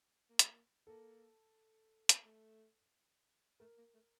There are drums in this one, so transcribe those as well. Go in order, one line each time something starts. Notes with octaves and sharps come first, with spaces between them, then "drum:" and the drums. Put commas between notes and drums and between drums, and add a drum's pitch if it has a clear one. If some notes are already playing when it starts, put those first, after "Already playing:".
A#3
A3, drum: hi-hat
A#3
A#3 A4
drum: hi-hat
A3
A3 A#4
A#3
A3